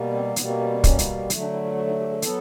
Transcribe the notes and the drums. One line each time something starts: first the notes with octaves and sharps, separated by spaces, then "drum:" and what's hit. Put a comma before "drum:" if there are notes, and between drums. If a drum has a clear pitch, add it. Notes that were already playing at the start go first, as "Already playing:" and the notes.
Already playing: B2 G3 A#3
C4
B2 G3 A#3 B3, drum: hi-hat
C4
C#4
C4
C#4, drum: kick, hi-hat
drum: hi-hat
D3 F#3 A3, drum: hi-hat
D4
E4
F4
F#4
D#4
G4
G#4
F#3 B3 A4, drum: hi-hat